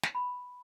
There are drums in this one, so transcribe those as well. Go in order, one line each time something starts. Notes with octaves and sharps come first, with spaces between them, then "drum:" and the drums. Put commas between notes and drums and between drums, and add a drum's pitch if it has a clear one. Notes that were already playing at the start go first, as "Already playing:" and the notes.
drum: snare
B5